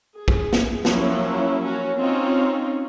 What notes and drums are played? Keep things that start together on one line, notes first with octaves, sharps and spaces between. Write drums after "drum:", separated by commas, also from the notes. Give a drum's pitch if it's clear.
G#4
drum: kick
drum: snare
F3 F#3 A#3 C#4 E4, drum: snare
C#4 F#4
C4 C#4 D#4 F4